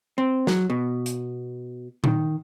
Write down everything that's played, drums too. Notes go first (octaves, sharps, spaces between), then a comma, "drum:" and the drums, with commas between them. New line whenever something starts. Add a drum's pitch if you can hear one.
C4
F#3, drum: snare
B2
drum: hi-hat
D#3, drum: tom A#2